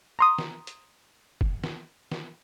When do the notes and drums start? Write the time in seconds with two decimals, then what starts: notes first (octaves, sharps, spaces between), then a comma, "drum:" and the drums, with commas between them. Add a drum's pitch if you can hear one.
0.19 A#5 C6 D#6
0.38 drum: snare
0.67 drum: hi-hat
1.41 drum: kick
1.64 drum: snare
2.12 drum: snare